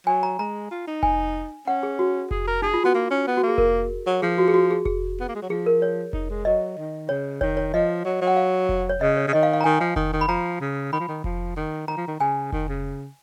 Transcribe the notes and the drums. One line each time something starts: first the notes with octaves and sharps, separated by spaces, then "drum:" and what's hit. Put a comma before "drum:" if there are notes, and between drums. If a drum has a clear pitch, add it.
F#3 G#5
A#5
G#3 A#5
F4
D#4
G#5, drum: kick F1
C#4 F#5
G#4
F#4
G#4, drum: kick F1
A#4
D#4 G#4
F4
B3 F#4
A#3
C#4
B3
F#4
A#3
G#4
A#4, drum: kick F1
F#3
F3 G#4
F#4
G#4
F#4
G#4
G#4, drum: kick F1
B3
A#3
G#3
F#3
F3 G#4
A#4
C#5
D#4, drum: kick F1
G#3
F#3 D#5
D#3
C#3 C#5
D#3 C#5, drum: kick F1
C#5
F3 D#5
F#3
F#3
F#5
F5
drum: kick F1
C#5
C#3 D#5
C#5
C#3
D#3 D#5
F5
F5
A#5
D#3 G#5
F3
D#3, drum: kick F1
D#3
B5
F3 A#5
C#3
D#3 B5
F3
D#3
F3, drum: kick F1
D#3
D#3 A#5
F3
D#3
C#3 G#5
D#3, drum: kick F1
C#3